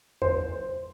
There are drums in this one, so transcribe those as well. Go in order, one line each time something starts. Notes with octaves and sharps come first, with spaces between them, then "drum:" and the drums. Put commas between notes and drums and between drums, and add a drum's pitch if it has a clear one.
C5, drum: tom E2